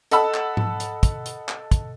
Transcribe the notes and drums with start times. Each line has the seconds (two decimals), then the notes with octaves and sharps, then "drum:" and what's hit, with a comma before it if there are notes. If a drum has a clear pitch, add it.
0.11 A4 D#5 F#5 A5 B5 E6, drum: hi-hat
0.34 drum: clap
0.57 drum: tom G#2
0.80 drum: hi-hat
1.03 drum: kick, hi-hat
1.26 drum: hi-hat
1.49 drum: clap
1.71 drum: kick, hi-hat